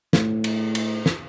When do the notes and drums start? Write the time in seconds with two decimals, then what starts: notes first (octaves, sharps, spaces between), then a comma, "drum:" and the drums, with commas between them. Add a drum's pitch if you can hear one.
0.13 A2, drum: snare
0.44 drum: cymbal
0.75 drum: cymbal
1.06 drum: snare